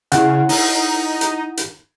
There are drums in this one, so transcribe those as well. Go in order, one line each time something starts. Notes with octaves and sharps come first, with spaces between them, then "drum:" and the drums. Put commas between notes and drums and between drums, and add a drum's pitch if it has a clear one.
C#3 E4 F#5, drum: hi-hat
D#4, drum: open hi-hat
drum: hi-hat
drum: hi-hat